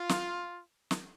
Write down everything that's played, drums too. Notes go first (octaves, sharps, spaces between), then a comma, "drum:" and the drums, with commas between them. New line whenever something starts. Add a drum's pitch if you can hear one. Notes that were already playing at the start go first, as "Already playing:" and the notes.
Already playing: F4
drum: snare
drum: snare